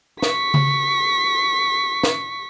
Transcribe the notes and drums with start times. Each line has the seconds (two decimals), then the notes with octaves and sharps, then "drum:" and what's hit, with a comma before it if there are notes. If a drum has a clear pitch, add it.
0.22 C#6 B6, drum: snare
0.54 drum: tom C#3
2.03 drum: snare